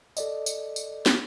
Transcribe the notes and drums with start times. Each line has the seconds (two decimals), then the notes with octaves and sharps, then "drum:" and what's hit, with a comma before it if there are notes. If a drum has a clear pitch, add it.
0.17 A4 D5 D#5, drum: tambourine
0.46 drum: tambourine
0.76 drum: tambourine
1.06 drum: snare